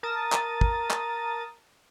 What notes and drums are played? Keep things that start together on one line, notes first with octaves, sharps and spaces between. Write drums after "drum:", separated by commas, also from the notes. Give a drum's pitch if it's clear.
A#4 A5 D#6 A6
drum: clap
drum: kick
drum: clap